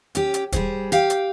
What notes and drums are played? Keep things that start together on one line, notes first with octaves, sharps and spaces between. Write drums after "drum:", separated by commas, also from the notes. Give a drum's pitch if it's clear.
C#4 G4, drum: hi-hat
drum: hi-hat
G3 G#4 C5, drum: kick, hi-hat
G4 F5 G5, drum: hi-hat
drum: hi-hat